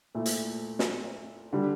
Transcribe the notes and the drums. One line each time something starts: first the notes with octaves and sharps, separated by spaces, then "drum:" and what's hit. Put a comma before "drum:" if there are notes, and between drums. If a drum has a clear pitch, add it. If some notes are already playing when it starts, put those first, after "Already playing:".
A#2 A3 E4
drum: hi-hat
drum: snare
D3 G3